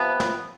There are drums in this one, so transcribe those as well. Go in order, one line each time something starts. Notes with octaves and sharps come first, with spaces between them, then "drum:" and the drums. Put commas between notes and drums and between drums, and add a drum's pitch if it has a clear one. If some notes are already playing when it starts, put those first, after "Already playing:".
Already playing: C3 F3 B3
drum: snare